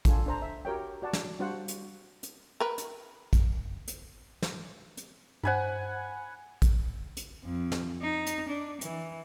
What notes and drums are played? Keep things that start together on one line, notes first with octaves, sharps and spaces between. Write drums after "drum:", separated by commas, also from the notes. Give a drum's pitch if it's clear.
D4 F4 A4 G#5, drum: kick A#1, hi-hat
D4 C5 A#5
E5
F#4 G4 A#4 C#5 G5
F#4 D5 F#5 A5
drum: snare
G3 D4 F#4 C5 F5 F#5
drum: hi-hat
drum: hi-hat
A#4 B4
drum: hi-hat
drum: kick A#1, hi-hat
drum: hi-hat
drum: snare
drum: hi-hat
G2 C5 F#5 G#5 B5
drum: kick A#1, hi-hat
drum: hi-hat
F2
drum: snare
D#4
drum: hi-hat
D4
E3, drum: hi-hat